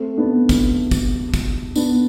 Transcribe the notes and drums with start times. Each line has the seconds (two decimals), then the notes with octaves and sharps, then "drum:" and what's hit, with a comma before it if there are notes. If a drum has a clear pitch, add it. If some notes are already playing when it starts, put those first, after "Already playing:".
Already playing: A3 C4
0.17 B3 D4
0.49 drum: kick, tambourine
0.91 drum: kick, tambourine
1.34 drum: kick, tambourine
1.76 B3 D4, drum: tambourine